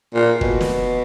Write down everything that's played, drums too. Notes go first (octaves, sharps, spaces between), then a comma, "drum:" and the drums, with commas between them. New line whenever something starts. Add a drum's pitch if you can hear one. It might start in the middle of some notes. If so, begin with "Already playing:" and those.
A#2
B2, drum: kick
drum: snare